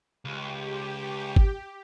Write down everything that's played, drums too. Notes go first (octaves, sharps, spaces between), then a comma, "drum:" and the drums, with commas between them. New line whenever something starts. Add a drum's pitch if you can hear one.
C#2 G4
drum: kick G#1